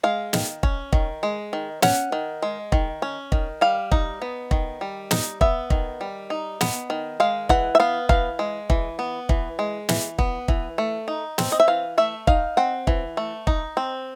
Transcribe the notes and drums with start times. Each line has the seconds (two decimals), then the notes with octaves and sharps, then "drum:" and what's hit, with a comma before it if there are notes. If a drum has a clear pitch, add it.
0.03 G#3 F5
0.33 D#3, drum: snare
0.63 C#4, drum: kick
0.93 D#3, drum: kick
1.23 G#3
1.53 D#3
1.82 C#4 F#5, drum: snare
2.12 D#3
2.42 G#3
2.72 D#3, drum: kick
3.02 C#4
3.32 D#3, drum: kick
3.61 G3 F5
3.92 D#4, drum: kick
4.22 B3
4.51 D#3, drum: kick
4.81 G3
5.11 D#4, drum: snare
5.41 B3 E5, drum: kick
5.70 D#3, drum: kick
6.01 G3
6.30 D#4
6.61 B3, drum: snare
6.90 D#3
7.20 G#3 F5
7.49 E3 F#5, drum: kick
7.75 E5
7.80 B3 F5
8.09 E3 F5, drum: kick
8.39 G#3
8.70 E3, drum: kick
8.99 B3
9.29 E3, drum: kick
9.59 G#3
9.89 E3, drum: snare
10.19 B3, drum: kick
10.48 E3, drum: kick
10.78 A3
11.08 D#4
11.38 C4, drum: snare
11.52 D#5
11.60 E5
11.68 E3 F5
11.98 A3 E5
12.27 D#4 F5, drum: kick
12.57 C4 F#5
12.87 E3, drum: kick
13.17 A3
13.47 D#4, drum: kick
13.77 C4